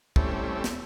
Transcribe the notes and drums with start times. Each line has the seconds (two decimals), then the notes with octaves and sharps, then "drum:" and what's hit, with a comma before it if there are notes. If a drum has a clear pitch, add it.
0.16 G3 A3 C4 C#4 E4, drum: kick
0.64 drum: snare